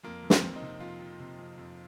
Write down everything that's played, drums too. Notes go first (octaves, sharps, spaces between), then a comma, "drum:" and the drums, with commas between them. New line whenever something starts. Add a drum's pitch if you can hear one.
F2 A#3
F2
C4, drum: snare
F2
D#4
C3
F2 F4
F3
C3
F2
F2